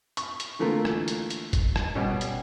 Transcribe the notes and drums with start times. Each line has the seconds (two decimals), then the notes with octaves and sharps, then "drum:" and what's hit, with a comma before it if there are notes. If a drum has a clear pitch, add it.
0.17 C#6, drum: hi-hat
0.40 drum: hi-hat
0.59 D3 E3 A3 A#3 F4
0.85 drum: rim click
1.08 drum: hi-hat
1.30 drum: hi-hat
1.53 drum: kick, hi-hat
1.76 drum: rim click
1.95 B2 G3 C#4
2.21 drum: hi-hat